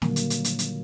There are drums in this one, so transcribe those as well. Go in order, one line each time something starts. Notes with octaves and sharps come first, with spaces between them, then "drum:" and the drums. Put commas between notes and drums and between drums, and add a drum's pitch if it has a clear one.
A#2 D3 D#3 F#3 G3 A#3, drum: snare
drum: hi-hat
drum: hi-hat
drum: hi-hat
drum: hi-hat